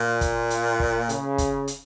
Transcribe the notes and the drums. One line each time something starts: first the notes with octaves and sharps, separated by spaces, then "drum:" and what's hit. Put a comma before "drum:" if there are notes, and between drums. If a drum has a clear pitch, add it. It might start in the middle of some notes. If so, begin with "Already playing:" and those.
Already playing: A#2
drum: kick, hi-hat
drum: hi-hat
drum: kick
C#3, drum: hi-hat
drum: kick, hi-hat
drum: hi-hat